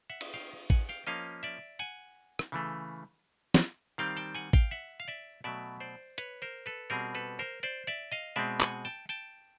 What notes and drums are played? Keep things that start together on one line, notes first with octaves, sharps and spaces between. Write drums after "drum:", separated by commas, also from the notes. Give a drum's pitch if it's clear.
E5 F#5
drum: cymbal
F5 G5
F#5 G#5, drum: kick
F5 G5
F3 A#3 C#4 D#5 F5
D5 E5
F#5 G#5
drum: rim click
C#3 E3 A3
drum: snare
D#3 G3 C4 F5 G5
G5 A5
F#5 G#5
F5 G5, drum: kick
E5 F#5
F5
D5 E5
B2 F#3 A3 D5 E5
C5 D5
B4 C#5, drum: hi-hat
A#4 C5
A4 B4
B2 G3 C4 G#4 A#4
A4 B4
A#4 C5
C5 D5
D5 E5
D#5 F5
B2 G#3 C4 D5 E5
F#5 G#5, drum: clap
G5 A5
G5 A5